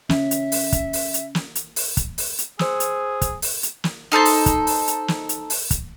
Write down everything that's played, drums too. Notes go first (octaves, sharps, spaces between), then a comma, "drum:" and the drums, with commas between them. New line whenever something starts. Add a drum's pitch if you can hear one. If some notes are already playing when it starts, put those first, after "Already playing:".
C#4 E5, drum: snare
drum: hi-hat
drum: open hi-hat
drum: kick, hi-hat
drum: open hi-hat
drum: hi-hat
drum: snare
drum: hi-hat
drum: open hi-hat
drum: kick, hi-hat
drum: open hi-hat
drum: hi-hat
G#4 C5 E6, drum: snare
drum: hi-hat
drum: kick, hi-hat
drum: open hi-hat
drum: hi-hat
drum: snare
D#4 A4 C5 A5
drum: open hi-hat
drum: kick, hi-hat
drum: open hi-hat
drum: hi-hat
drum: snare
drum: hi-hat
drum: open hi-hat
drum: kick, hi-hat